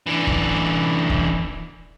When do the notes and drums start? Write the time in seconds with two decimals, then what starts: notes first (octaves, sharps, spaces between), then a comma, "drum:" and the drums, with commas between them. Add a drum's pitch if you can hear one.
0.06 D3 E3
0.27 drum: kick
1.10 drum: kick